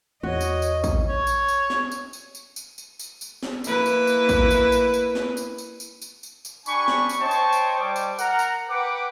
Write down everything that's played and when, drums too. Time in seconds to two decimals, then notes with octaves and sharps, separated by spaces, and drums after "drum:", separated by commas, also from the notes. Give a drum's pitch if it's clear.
0.23 E2 F#4 C#5 D#5
0.41 drum: tambourine
0.62 drum: tambourine
0.84 drum: kick, tambourine
1.09 C#5
1.27 drum: tambourine
1.48 drum: tambourine
1.70 drum: snare
1.92 drum: tambourine
2.13 drum: tambourine
2.35 drum: tambourine
2.56 drum: tambourine
2.78 drum: tambourine
2.99 drum: tambourine
3.21 drum: tambourine
3.43 drum: snare
3.64 A#3 E4 B4, drum: tambourine
3.86 drum: tambourine
4.07 drum: tambourine
4.29 drum: kick, tambourine
4.51 drum: tambourine
4.72 drum: tambourine
4.94 drum: tambourine
5.15 drum: snare
5.37 drum: tambourine
5.58 drum: tambourine
5.80 drum: tambourine
6.02 drum: tambourine
6.23 drum: tambourine
6.45 drum: tambourine
6.66 D4 G4 G#5 B5 C#6, drum: tambourine
6.88 drum: snare
7.09 drum: tambourine
7.19 C5 C#5 D#5 G5 A5 C#6
7.31 drum: tambourine
7.53 drum: tambourine
7.79 G3 G4 C5 G5 A5 D6
7.96 drum: tambourine
8.19 A#4 F#5 A#5, drum: tambourine
8.39 drum: tambourine
8.69 B4 F#5 G5 D6